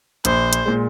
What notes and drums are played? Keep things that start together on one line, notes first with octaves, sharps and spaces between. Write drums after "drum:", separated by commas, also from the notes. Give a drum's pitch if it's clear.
A#1 C5, drum: hi-hat
drum: hi-hat
A#2 G#3